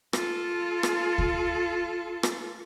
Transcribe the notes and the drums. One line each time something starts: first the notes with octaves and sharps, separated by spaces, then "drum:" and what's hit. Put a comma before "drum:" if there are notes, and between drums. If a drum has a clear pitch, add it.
F4 A4, drum: rim click
drum: rim click
drum: kick D2
drum: rim click